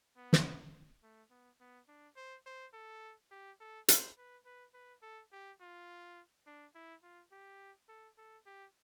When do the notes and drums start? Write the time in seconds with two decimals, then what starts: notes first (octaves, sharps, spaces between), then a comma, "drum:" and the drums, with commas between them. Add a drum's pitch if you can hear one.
0.17 B3
0.33 drum: snare
1.03 A3
1.30 B3
1.60 B3
1.88 D4
2.16 C5
2.46 C5
2.73 A4
3.31 G4
3.60 A4
3.88 C5, drum: hi-hat
4.18 B4
4.45 B4
4.74 B4
5.02 A4
5.32 G4
5.61 F4
6.46 D4
6.75 E4
7.03 F4
7.32 G4
7.88 A4
8.17 A4
8.46 G4